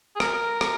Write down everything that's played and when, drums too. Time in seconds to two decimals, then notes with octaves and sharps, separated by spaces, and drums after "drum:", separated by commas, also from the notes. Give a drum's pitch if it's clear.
0.16 G#4
0.20 A#4, drum: rim click
0.61 drum: rim click